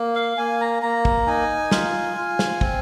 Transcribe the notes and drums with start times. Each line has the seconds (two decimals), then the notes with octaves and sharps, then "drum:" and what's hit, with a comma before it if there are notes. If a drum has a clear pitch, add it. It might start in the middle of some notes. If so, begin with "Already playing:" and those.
Already playing: A#3
0.15 F5
0.38 A#3 G#5
0.61 A#5
0.82 A#3 A#5
1.05 drum: kick
1.27 D#4 G#5
1.71 F4, drum: snare
2.17 F4
2.39 drum: snare
2.61 C4, drum: kick